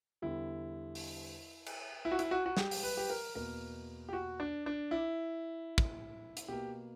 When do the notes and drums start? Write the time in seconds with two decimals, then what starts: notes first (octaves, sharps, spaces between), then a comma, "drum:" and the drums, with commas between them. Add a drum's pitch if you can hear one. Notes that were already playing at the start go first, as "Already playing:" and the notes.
0.22 E2 D3 G3 E4
0.95 drum: open hi-hat
1.66 drum: cymbal
2.05 E4
2.12 F#4
2.19 E4, drum: hi-hat
2.31 F#4
2.46 F#4
2.57 G4, drum: snare
2.71 drum: open hi-hat
2.83 B4
2.97 G4
3.10 A#4
3.35 E2 B2 A#3 A#4
4.09 G4
4.13 F#4
4.40 D4
4.66 D4
4.91 E4
5.78 drum: kick
6.37 drum: hi-hat
6.48 B2 A#3 G4